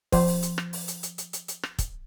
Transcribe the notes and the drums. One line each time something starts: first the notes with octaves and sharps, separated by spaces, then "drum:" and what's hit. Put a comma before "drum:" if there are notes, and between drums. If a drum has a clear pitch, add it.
F3 C5, drum: kick, open hi-hat
drum: open hi-hat
drum: hi-hat
drum: rim click
drum: open hi-hat
drum: hi-hat
drum: hi-hat
drum: hi-hat
drum: hi-hat
drum: hi-hat
drum: rim click
drum: kick, hi-hat